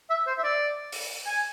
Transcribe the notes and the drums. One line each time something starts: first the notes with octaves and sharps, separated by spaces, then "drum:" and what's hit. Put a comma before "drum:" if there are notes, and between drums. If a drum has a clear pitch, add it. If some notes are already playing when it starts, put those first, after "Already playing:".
E5
C5
E5
D5
drum: open hi-hat
G#5